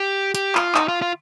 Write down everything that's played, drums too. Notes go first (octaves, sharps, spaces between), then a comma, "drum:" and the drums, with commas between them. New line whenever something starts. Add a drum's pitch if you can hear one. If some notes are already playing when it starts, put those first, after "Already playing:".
Already playing: G4
G4, drum: hi-hat
F4, drum: clap
D#4, drum: clap
F4
F4